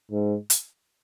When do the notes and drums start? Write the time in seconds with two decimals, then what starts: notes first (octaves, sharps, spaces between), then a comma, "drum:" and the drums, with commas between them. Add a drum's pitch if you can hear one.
0.11 G#2
0.50 drum: hi-hat